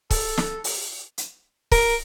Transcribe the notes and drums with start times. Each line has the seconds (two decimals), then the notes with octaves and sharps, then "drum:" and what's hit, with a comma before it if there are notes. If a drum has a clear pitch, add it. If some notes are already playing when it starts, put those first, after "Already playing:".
0.10 A4, drum: kick, open hi-hat
0.37 drum: snare
0.64 drum: open hi-hat
1.18 drum: hi-hat
1.71 A#4, drum: kick, open hi-hat